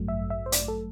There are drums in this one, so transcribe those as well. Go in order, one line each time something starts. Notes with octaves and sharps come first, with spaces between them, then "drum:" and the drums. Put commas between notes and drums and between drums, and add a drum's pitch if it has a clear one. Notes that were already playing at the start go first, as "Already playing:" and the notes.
Already playing: A1 G2 F#3 A3
E5
E5
C5
D5, drum: hi-hat
A4